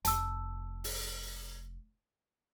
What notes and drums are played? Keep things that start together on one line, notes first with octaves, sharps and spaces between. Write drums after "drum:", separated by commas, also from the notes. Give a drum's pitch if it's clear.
F1 A5 E6, drum: hi-hat
drum: open hi-hat